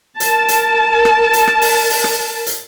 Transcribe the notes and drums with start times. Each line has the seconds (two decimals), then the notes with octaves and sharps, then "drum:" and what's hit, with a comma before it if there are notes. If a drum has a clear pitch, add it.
0.20 A#4 A5, drum: hi-hat
0.48 drum: hi-hat
1.05 drum: rim click
1.33 drum: hi-hat
1.47 drum: rim click
1.62 drum: open hi-hat
1.90 drum: open hi-hat
2.04 drum: rim click
2.47 drum: hi-hat